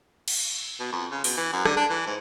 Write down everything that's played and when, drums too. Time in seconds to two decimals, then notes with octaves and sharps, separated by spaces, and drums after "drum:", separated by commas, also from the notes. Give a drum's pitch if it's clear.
0.28 drum: cymbal
0.80 B2
0.92 F2
1.11 C#3
1.24 B2, drum: open hi-hat
1.37 E3
1.52 F#2
1.65 D3, drum: rim click
1.77 D4
1.90 E3
2.07 G#2